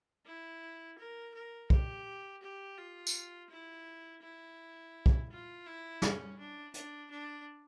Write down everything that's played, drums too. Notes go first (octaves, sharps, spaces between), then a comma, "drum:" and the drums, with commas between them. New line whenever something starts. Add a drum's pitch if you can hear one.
E4
A#4
A#4
G4, drum: kick
G4
F4
drum: tambourine
E4
E4
drum: kick
F4
E4
C#4, drum: snare
D4
D4, drum: hi-hat
D4